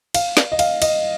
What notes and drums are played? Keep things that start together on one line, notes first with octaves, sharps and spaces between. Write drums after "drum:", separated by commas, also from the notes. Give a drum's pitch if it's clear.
F5, drum: cymbal
drum: snare
D#5
F5, drum: cymbal
D#5, drum: cymbal